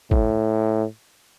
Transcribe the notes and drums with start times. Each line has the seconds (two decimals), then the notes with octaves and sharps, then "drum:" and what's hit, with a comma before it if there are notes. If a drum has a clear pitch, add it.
0.11 A2, drum: kick G#1